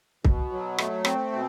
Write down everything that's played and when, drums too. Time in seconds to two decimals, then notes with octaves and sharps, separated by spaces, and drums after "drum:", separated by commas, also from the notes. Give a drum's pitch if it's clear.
0.24 B2, drum: kick C2
0.52 F#3
0.78 A3, drum: rim click
1.05 C4, drum: rim click
1.32 B2